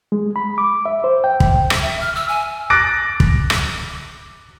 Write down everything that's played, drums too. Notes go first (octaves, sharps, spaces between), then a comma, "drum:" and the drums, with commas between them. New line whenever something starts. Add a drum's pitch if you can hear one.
G#3
B5
D6
E5
C5
G5
drum: kick
drum: rim click
E5
F6
E6
G#5
D6 F#6 A6 A#6 D7
drum: kick
drum: rim click